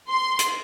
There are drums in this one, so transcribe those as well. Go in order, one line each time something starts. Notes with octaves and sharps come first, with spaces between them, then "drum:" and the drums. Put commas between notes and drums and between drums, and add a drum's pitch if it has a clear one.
C6
drum: hi-hat